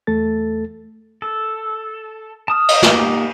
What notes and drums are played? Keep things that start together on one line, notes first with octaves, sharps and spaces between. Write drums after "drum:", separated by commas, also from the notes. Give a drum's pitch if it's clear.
E2 A3 A4 A6
A4
A5 D#6 F6
drum: cymbal
A#3 D#4 G4, drum: snare